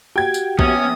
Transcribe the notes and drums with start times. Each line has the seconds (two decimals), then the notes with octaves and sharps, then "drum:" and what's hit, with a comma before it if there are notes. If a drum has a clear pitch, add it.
0.16 F#4 G4 G5 G#6
0.34 drum: tambourine
0.59 A#1 B3 C#4 D#6, drum: kick A#1